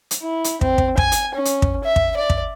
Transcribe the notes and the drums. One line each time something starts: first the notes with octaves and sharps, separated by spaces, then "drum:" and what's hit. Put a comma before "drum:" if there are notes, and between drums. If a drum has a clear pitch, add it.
drum: hi-hat
E4
drum: hi-hat
C4, drum: kick
drum: kick
G#5, drum: kick
drum: hi-hat
C#4
drum: hi-hat
drum: kick
E5
drum: kick
D5
drum: kick